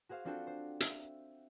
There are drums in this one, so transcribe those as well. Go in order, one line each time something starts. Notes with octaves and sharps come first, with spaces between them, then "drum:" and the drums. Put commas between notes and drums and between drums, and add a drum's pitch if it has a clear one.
F#4 G#4 C5 F5
C4 D4 F4 F#4 A4 G5
C5
E5, drum: hi-hat